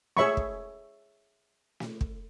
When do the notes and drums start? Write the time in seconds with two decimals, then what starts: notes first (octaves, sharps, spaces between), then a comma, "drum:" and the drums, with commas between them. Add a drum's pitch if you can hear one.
0.17 G#4 C#5 E5 B5 C#6, drum: snare
0.37 drum: kick
1.80 drum: snare
2.01 drum: kick